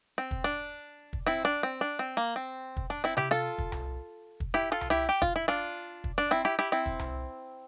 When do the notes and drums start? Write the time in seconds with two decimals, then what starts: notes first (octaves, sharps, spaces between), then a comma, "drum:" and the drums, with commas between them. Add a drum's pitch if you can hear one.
0.18 C4
0.31 drum: kick
0.44 D4
1.13 drum: kick
1.26 C4 E4
1.45 D4
1.63 C4
1.81 D4
1.99 C4
2.17 A#3
2.36 C4
2.77 drum: kick
2.90 D4
3.04 C4 E4
3.17 E4 G4, drum: tom C3
3.31 F4 A4
3.58 drum: kick
3.72 drum: tom C2
4.40 drum: kick
4.54 E4 G4
4.72 F4 A4
4.81 drum: tom C2
4.90 E4 G4
5.09 G4
5.22 F4, drum: kick
5.36 E4
5.48 D4 F4
6.04 drum: kick
6.18 D4
6.31 C4 E4
6.45 E4 G4
6.59 E4 G4
6.72 C4 E4
6.86 drum: kick
6.99 drum: tom C2